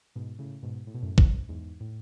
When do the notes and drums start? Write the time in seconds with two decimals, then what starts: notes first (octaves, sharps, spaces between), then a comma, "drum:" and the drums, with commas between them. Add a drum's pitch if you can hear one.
0.16 G#2 B2
0.39 A2 C#3
0.63 G#2 B2
0.87 A2
0.94 B2
1.03 F#2 A2
1.18 F#2, drum: kick
1.49 E2 G#2
1.80 A2